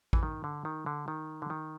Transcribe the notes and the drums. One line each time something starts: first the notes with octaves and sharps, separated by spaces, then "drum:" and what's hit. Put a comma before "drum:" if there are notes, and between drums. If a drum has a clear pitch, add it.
E3, drum: kick A1
D#3
D3
D#3
D3
D#3
D3
D#3